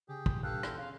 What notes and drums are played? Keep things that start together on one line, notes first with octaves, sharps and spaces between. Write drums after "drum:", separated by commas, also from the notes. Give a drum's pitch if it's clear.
C#3 G4 G#4
E1 A#2, drum: kick
G2 G4 A4 F5 F#6
E2 C6, drum: rim click
C#3 F5